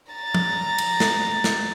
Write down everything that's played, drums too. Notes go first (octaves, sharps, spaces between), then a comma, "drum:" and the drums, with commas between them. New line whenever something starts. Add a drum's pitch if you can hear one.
A#5 A6
drum: tom
drum: cymbal
drum: snare
drum: snare